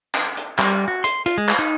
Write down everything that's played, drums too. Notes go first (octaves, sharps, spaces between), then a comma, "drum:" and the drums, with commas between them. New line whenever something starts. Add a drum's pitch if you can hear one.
drum: clap
drum: hi-hat
G3, drum: clap
F#4
C6, drum: hi-hat
F4, drum: hi-hat
G#3
drum: clap
D#4